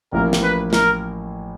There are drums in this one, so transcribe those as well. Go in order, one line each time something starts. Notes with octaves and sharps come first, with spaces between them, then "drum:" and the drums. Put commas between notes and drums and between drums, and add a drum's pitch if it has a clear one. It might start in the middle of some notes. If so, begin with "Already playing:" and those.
A1 A2 F3 A#3 A#4
drum: snare
B4
A#4, drum: snare